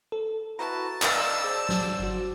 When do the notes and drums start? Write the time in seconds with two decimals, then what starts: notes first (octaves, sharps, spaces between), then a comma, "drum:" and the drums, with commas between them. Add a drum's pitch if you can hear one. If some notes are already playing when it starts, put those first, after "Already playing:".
0.12 A4
0.59 E4 F#4 B4 A5 A#5
1.02 D5 D#5 F5 E6, drum: clap
1.44 G#4 C5 D5
1.69 drum: snare
1.99 G1 F#4